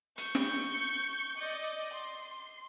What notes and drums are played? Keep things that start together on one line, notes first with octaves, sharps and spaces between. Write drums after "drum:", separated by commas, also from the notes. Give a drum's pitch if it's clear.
C#6 G6, drum: hi-hat
drum: snare
D5 D#5
C6